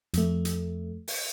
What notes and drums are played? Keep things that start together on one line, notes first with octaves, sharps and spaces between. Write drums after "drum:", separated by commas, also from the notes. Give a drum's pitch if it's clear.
F2 A3, drum: hi-hat
drum: hi-hat
drum: open hi-hat